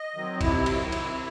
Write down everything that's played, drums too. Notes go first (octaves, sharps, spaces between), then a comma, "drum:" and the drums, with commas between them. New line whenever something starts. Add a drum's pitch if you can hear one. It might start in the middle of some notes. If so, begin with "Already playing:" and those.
Already playing: D#5
D#3 F#3 C4
C3 E4, drum: kick A#1, cymbal
D#3 F#3 C4, drum: cymbal
C3, drum: cymbal